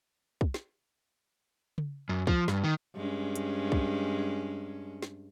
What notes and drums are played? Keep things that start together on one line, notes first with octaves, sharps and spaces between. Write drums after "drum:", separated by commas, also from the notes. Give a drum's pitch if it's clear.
drum: kick
drum: snare
drum: tom C#3
F#2
F3, drum: kick
G2, drum: snare
D#3
G2 G#3 C#4
drum: hi-hat
drum: kick
drum: snare